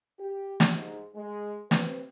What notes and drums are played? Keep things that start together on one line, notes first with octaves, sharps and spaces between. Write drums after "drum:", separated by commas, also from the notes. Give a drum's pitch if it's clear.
G4
drum: snare
G#2
G#3
C4 B4, drum: snare